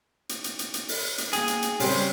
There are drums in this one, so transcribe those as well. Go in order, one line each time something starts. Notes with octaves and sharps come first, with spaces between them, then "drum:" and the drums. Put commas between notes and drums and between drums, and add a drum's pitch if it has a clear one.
drum: hi-hat
drum: hi-hat
drum: hi-hat
drum: hi-hat
drum: open hi-hat
drum: hi-hat
A#3 G#4 G5, drum: hi-hat
drum: hi-hat
drum: hi-hat
C#3 G3 C4 G4 C#5, drum: open hi-hat